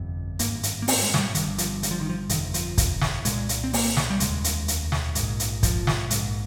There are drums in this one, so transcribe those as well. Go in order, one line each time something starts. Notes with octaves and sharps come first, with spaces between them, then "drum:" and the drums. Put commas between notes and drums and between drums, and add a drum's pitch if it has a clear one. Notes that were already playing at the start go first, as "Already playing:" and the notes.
Already playing: G1 F2 C3
G#1 G2 A#3, drum: hi-hat
drum: hi-hat
A#3
C4, drum: open hi-hat
G#3
G#3, drum: snare
G3
G1 G2 D#3, drum: hi-hat
F3, drum: hi-hat
G3, drum: hi-hat
F3
D#3
F3
G1 F2 C3 D#3, drum: hi-hat
F3, drum: hi-hat
drum: kick, hi-hat
drum: snare
C2 A#2 G#3, drum: hi-hat
drum: hi-hat
C4
A#3, drum: open hi-hat
drum: snare
G3
F1 D#2 C#3 G#3, drum: hi-hat
drum: hi-hat
drum: hi-hat
drum: snare
A#1 G#2, drum: hi-hat
drum: hi-hat
F3, drum: kick, hi-hat
drum: snare
A#1 G#2, drum: hi-hat